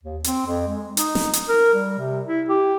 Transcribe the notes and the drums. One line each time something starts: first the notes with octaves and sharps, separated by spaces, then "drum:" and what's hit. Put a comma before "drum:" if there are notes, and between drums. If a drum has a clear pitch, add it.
D#2
C4, drum: hi-hat
F2
G#3
D#4, drum: hi-hat
drum: snare
drum: hi-hat
A#4
G3
C3
E4
G4